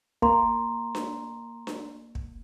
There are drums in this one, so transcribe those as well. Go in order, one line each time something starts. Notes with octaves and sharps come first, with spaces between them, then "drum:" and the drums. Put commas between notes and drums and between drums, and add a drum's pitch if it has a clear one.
A#3 A#5 C6, drum: kick
drum: snare D4
drum: snare D4
drum: kick